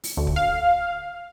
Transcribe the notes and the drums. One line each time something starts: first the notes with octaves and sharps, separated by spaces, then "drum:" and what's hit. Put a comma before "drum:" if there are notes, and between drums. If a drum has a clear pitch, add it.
drum: open hi-hat
D2
drum: kick
F5